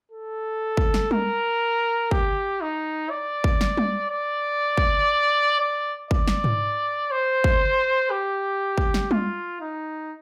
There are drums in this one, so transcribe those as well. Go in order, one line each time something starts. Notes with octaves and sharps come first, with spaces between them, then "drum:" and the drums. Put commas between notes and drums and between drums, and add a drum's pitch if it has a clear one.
A4
drum: kick
drum: snare
A#4, drum: tom G3
G4, drum: kick
D#4
D5
drum: kick
drum: snare
drum: tom G3
D5
drum: kick
D5
D5, drum: kick
drum: snare
drum: tom G#2
C5
drum: kick
G4
drum: kick
drum: snare
F4, drum: tom G3
D#4